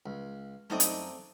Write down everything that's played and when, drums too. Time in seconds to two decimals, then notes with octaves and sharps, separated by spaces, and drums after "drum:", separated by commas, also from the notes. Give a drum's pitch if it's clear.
0.06 C#2
0.70 F#2 A3 C4 D#4 D5 D#5
0.80 drum: hi-hat